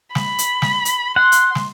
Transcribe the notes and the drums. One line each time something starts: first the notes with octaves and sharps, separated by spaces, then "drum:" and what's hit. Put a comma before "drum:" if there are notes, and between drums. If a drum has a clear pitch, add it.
B5, drum: snare
drum: hi-hat
drum: snare
drum: hi-hat
F#5 C6
drum: hi-hat
drum: snare